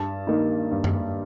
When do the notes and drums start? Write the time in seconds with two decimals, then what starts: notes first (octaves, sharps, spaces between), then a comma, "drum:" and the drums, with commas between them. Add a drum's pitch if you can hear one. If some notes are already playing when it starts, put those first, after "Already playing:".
Already playing: G2 A5
0.27 D#3 A#3 D#4
0.71 G2
0.84 drum: tom F#2